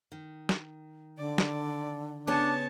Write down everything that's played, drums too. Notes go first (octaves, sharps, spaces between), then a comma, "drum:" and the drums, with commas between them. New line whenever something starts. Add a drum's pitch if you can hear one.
D#3
drum: snare
D3 D5
drum: snare
C#3 B3 D4 C#5 A5